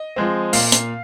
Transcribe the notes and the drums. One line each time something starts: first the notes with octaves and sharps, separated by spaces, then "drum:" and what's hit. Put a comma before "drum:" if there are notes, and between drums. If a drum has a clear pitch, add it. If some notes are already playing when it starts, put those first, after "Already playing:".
Already playing: D#5
F3 G#3 C4
A#2 F5, drum: open hi-hat
drum: hi-hat